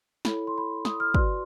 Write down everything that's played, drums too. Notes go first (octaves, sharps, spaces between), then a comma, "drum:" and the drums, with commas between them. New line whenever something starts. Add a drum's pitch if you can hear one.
E4 A4 C#5 B5, drum: snare
C6
B5
D#6, drum: snare
F6
F#4 B4 D5 C6, drum: kick